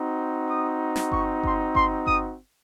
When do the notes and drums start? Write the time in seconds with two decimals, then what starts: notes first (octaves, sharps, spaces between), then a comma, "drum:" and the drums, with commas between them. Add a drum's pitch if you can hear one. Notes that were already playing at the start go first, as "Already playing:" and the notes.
Already playing: C4 D#4 F#4
0.48 D#6
0.96 drum: snare
1.12 C#6, drum: kick G1
1.43 C6, drum: kick G1
1.75 C6, drum: kick G1
2.07 D#6, drum: kick G1